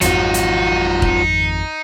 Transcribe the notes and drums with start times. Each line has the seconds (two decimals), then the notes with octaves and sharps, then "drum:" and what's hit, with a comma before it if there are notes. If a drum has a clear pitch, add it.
0.01 G#1 F2 F#3 D#4 F4 F#4, drum: hi-hat
0.34 drum: hi-hat
1.02 drum: kick